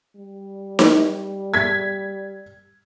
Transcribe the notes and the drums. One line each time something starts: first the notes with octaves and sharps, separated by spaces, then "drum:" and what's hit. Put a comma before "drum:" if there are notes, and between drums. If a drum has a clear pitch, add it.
G3
drum: snare D#4
G#6 B6